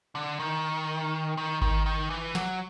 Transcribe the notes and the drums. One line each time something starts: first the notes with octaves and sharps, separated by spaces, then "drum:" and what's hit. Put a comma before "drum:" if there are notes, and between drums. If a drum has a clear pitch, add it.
D3
D#3
D#3
D#3, drum: kick G#1
D#3
E3
F#3, drum: snare